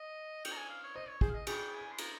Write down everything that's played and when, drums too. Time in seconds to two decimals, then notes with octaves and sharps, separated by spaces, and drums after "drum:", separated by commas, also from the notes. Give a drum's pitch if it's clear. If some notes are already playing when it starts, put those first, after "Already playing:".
Already playing: D#5
0.45 G5, drum: cymbal
0.52 A#5
0.57 G#5
0.69 F5
0.83 C#5
0.95 C5 D#5
1.08 C#5
1.21 G#4 C5, drum: kick
1.29 F5
1.35 D#5
1.47 G#4 G5, drum: cymbal
1.73 G#5
1.91 C6
1.98 A#5, drum: cymbal